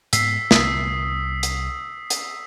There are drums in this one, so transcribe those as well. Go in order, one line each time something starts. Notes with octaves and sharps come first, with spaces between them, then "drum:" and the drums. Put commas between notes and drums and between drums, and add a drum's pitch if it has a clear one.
G#2 B3 E6 B6 C7, drum: hi-hat
C2 D#6 B6, drum: snare
drum: hi-hat
drum: hi-hat